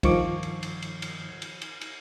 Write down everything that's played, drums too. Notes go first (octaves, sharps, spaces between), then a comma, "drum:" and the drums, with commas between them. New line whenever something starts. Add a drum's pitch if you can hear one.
G2 D#3 F3 C#6 D6, drum: kick, cymbal
drum: cymbal
drum: cymbal
drum: cymbal
drum: cymbal
drum: cymbal
drum: cymbal
drum: cymbal